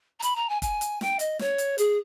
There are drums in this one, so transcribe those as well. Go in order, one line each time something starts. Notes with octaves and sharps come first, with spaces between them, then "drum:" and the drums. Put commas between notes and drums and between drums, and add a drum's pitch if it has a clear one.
A#5
B5, drum: hi-hat
A#5
G#5
G#5, drum: kick, hi-hat
drum: hi-hat
G5, drum: snare
D#5, drum: hi-hat
C#5, drum: snare
drum: hi-hat
G#4, drum: hi-hat